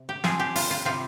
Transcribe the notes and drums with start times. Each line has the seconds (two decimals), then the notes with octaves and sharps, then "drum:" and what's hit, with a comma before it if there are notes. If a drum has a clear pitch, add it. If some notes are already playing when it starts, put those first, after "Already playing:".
Already playing: C3
0.09 G4
0.24 F3 C4 F4 G#4, drum: snare
0.39 G4
0.56 F4, drum: open hi-hat
0.71 F4
0.85 C3 G3 C4 F4